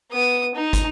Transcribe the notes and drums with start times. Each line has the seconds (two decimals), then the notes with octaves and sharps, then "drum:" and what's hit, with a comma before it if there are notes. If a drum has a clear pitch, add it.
0.11 B3 D#6
0.55 D#4
0.73 drum: kick, hi-hat